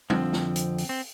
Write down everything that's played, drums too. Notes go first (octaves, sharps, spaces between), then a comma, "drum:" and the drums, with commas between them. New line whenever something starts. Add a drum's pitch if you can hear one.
F2 D3 F3 C4, drum: tom G3
drum: snare
drum: hi-hat
drum: open hi-hat
C4